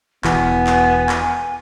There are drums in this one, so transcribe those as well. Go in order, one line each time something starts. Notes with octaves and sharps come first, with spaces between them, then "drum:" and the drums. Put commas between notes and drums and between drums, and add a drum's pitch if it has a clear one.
E1 E3 B3 G#5, drum: clap
drum: clap
drum: clap